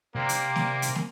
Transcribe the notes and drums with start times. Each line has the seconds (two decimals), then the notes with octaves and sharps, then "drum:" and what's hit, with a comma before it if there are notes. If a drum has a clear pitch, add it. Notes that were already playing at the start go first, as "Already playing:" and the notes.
0.16 C3 A#3 A#4 C5 D5 G5
0.29 drum: hi-hat
0.56 drum: snare
0.82 drum: hi-hat
0.95 drum: snare